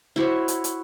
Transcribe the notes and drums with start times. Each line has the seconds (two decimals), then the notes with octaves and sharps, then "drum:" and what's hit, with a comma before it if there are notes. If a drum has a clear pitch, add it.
0.16 E4 F#4 C5 C#5
0.48 drum: hi-hat
0.64 drum: hi-hat